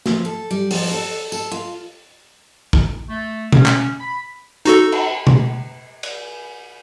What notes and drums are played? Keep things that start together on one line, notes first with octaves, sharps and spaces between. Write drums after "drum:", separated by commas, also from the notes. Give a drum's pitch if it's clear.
F3, drum: snare
A4
G3
F3, drum: open hi-hat
A4
A4, drum: tambourine
F4
drum: kick
A3
C#4, drum: tom B2
drum: clap
B5
D#4 F#4 A4, drum: hi-hat
drum: cymbal
drum: tom B2
drum: cymbal